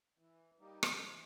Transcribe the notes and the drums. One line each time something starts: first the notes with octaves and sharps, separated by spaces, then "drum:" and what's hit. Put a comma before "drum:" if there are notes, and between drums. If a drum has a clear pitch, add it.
E3
G3 A#3 D#4 G4
drum: rim click
E3